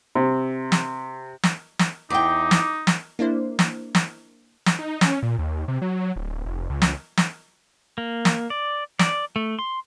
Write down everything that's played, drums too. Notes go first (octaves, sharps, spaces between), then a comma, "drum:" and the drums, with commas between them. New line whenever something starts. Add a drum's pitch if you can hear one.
C3
drum: snare
drum: snare
drum: snare
E2 D#4 G5 D6
drum: snare
drum: snare
A#3 D4 E4 C5
drum: snare
drum: snare
drum: snare
D#4
C#4, drum: snare
A#2
D#2
C3
F#3
D1
F1
C#2
drum: snare
drum: snare
A#3
drum: snare
D5
D5, drum: snare
A3
C6